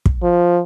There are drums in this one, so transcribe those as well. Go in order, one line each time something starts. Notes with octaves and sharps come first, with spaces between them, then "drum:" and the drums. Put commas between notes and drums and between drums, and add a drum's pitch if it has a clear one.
drum: kick
F3